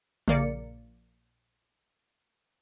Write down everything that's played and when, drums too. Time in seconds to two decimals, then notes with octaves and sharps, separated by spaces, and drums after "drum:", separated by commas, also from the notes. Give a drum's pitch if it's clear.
0.28 A#1 A#3 D5 C#7, drum: tom C#3